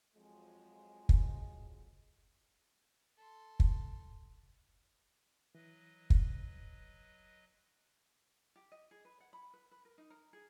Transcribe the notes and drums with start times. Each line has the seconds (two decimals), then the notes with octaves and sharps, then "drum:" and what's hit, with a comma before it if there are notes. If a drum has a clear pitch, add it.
0.15 F2 F3 F#3 G#3
1.09 drum: kick
3.18 A4 C6
3.60 drum: kick
5.55 E3 F#3 B4 D#5
6.10 drum: kick
8.56 G4
8.72 D#5
8.91 G#4
9.05 B4
9.20 F#5
9.33 B5
9.53 B4
9.71 B4
9.85 A#4
9.98 D#4
10.10 A#4
10.33 G#4